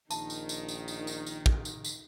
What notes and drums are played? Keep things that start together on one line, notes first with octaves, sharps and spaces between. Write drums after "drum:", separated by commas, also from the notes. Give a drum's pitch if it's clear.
A#1 D#3 D#4 A5, drum: tambourine
drum: tambourine
drum: tambourine
drum: tambourine
drum: tambourine
drum: tambourine
drum: tambourine
drum: kick
drum: tambourine
drum: tambourine